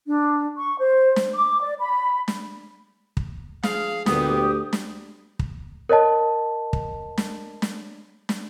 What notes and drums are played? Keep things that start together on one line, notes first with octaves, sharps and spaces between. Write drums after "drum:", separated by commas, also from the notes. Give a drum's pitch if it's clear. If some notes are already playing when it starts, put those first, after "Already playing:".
D4
C#6
C5
drum: snare
D6
D5
B5
drum: snare
drum: kick
F3 G#4 F5, drum: snare
D2 A#2 B3 G4 D#6, drum: snare
drum: snare
drum: kick
A#4 C#5 D#5 A5
drum: kick
drum: snare
drum: snare
drum: snare